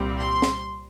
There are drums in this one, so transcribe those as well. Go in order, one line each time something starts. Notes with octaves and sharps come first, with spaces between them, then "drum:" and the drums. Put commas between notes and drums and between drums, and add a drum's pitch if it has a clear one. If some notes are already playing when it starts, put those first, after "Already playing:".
Already playing: C2 A#2 G3 C4
C6
drum: snare